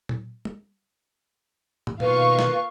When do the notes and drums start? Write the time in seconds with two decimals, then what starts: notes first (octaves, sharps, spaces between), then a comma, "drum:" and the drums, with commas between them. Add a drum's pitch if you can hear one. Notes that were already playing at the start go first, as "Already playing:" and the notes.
0.09 drum: tom A#2
0.45 drum: tom
1.87 drum: tom
2.00 B2 D#3 A#3 F4 B4 F5 C#6, drum: tom A#2
2.39 drum: snare